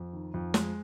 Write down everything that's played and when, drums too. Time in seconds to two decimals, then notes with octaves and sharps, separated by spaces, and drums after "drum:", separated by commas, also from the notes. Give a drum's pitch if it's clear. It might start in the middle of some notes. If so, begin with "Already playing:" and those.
Already playing: F2
0.13 D#3
0.34 F2
0.54 G#3, drum: snare